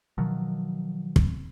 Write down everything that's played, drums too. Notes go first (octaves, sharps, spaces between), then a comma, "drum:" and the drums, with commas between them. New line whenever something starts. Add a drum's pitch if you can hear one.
B2 D#3 F3 F#3
drum: kick